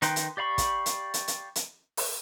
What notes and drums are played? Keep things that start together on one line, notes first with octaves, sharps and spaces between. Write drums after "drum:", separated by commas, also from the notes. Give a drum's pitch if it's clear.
D#3 D#4 B4 G5 C6, drum: hi-hat
drum: hi-hat
G4 D5 F5 B5 C#6
drum: kick, hi-hat
drum: hi-hat
drum: hi-hat
drum: hi-hat
drum: hi-hat
drum: open hi-hat